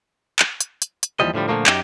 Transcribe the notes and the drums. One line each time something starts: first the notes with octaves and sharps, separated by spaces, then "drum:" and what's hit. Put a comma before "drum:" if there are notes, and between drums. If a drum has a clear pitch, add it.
drum: clap
drum: hi-hat
drum: hi-hat
drum: hi-hat
D#2 G#2 E3 F3 G3 D#5
A2 D3 F3 G3
A#2 D3 F3 A3 A#3
F#2 D#4 G4, drum: clap